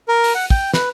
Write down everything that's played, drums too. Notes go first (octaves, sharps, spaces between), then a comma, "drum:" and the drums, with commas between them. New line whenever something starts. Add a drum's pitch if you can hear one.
A#4
drum: open hi-hat
F#5
G5, drum: kick
B4, drum: snare